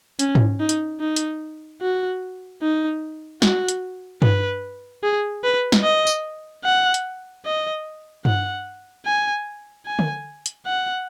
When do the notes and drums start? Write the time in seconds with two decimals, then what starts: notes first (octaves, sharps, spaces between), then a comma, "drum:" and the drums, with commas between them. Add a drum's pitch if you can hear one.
0.19 C#4, drum: hi-hat
0.35 drum: tom G#2
0.60 D#4
0.69 drum: hi-hat
1.00 D#4
1.16 drum: hi-hat
1.82 F#4
2.62 D#4
3.42 F#4, drum: snare
3.68 drum: hi-hat
4.22 B4, drum: tom G2
5.03 G#4
5.44 B4
5.72 drum: snare
5.84 D#5
6.07 drum: tambourine
6.64 F#5
6.94 drum: hi-hat
7.45 D#5
8.25 F#5, drum: tom G2
9.06 G#5
9.86 G#5
9.99 drum: tom D3
10.46 drum: hi-hat
10.66 F#5